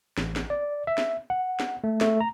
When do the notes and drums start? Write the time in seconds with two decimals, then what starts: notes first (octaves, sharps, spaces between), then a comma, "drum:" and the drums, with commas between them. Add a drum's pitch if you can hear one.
0.18 A1, drum: snare
0.36 drum: snare
0.50 D5
0.87 E5
0.98 drum: snare
1.30 F#5
1.60 drum: snare
1.84 A3
2.01 A3, drum: snare
2.21 A#5